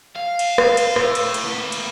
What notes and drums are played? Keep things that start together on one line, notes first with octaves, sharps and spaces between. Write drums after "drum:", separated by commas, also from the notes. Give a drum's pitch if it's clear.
F5
drum: cymbal
drum: rim click
drum: cymbal
A2, drum: rim click
drum: cymbal
drum: cymbal
A#3 B4
drum: cymbal